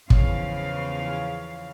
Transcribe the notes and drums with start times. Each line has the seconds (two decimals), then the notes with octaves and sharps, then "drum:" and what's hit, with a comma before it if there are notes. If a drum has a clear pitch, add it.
0.10 E2 C#3 F3 F5, drum: kick